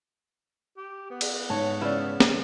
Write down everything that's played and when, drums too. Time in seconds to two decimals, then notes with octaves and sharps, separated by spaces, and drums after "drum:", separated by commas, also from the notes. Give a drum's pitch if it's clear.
0.77 G4
1.11 B3
1.21 drum: cymbal
1.50 G#2 C#5 A5
1.81 C#3 E4 B4 D5
2.20 drum: snare